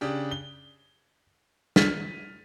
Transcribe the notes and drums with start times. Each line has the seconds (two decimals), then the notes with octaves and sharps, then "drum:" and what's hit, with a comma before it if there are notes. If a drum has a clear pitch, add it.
0.01 C#3 D4 G4
0.31 G7
1.76 F6 A6 B6 D#7, drum: snare